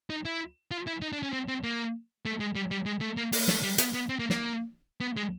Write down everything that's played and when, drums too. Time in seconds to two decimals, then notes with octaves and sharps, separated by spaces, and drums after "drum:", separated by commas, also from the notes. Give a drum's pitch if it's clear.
0.10 D#4
0.25 E4
0.71 F4
0.87 E4
1.02 D#4
1.13 D4
1.23 C#4
1.33 C4
1.48 C4
1.63 A#3
2.25 A3
2.40 G#3
2.55 G3
2.71 G3
2.86 G#3
3.01 A3
3.17 A#3
3.32 A#3, drum: open hi-hat
3.48 A3, drum: snare
3.63 G3
3.78 B3, drum: hi-hat
3.94 B3
4.09 C4
4.19 A#3
4.30 A#3, drum: snare
5.01 B3
5.17 G#3